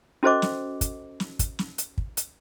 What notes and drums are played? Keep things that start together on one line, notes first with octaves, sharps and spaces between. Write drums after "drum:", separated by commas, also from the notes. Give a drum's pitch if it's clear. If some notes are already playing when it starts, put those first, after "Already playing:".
C#4 F#4 A4 C5 D#5 D6
drum: snare
drum: kick, hi-hat
drum: snare
drum: kick, hi-hat
drum: snare
drum: hi-hat
drum: kick
drum: hi-hat